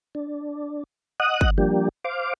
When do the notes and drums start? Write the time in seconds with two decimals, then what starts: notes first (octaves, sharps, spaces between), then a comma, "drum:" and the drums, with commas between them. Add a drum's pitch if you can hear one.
0.15 D4
1.20 D#5 F#5 D#6 F#6
1.41 drum: kick G1
1.58 F3 G3 A#3 D4 G4
2.04 C5 F5 D6